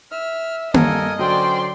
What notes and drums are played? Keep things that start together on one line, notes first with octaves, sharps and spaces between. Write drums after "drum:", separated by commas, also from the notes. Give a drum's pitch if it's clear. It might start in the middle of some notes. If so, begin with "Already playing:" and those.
E5 F6
G2 A4 A#4 D#5 G#5, drum: tom A#3
D3 F#3 C#4 C5 D5 G5 C6